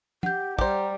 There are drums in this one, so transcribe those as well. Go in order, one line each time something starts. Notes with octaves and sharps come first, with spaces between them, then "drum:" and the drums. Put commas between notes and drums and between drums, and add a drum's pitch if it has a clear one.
G4 F#5 G6, drum: tom
G3 G4 C5 A#5, drum: kick